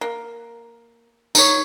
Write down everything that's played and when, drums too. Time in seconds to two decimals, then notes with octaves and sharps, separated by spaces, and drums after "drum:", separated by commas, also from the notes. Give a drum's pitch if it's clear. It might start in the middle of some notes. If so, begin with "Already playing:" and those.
0.01 A#3
1.35 D#4 C#5, drum: tambourine